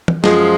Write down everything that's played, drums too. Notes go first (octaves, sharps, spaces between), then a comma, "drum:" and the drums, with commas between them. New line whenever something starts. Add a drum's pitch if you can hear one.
drum: tom
F#2 F3 G#3, drum: snare